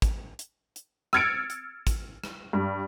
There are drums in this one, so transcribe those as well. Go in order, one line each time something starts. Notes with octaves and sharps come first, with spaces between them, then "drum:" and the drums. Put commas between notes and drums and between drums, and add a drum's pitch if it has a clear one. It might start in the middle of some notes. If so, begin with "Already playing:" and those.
drum: kick, hi-hat
drum: hi-hat
drum: hi-hat
E6 F6 G#6 A6 C#7 D7, drum: rim click
drum: hi-hat
drum: kick, hi-hat
drum: rim click
G2